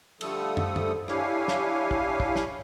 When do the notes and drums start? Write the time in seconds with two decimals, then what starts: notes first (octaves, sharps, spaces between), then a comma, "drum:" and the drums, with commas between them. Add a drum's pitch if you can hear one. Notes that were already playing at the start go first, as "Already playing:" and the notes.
0.21 D3 F3 G3 A3 A4 D#6, drum: cymbal
0.57 drum: tom
0.76 drum: tom
1.08 D4 E4 G4 C#5 F5 G#5, drum: rim click
1.48 drum: snare
1.91 drum: kick
2.20 drum: kick
2.36 drum: snare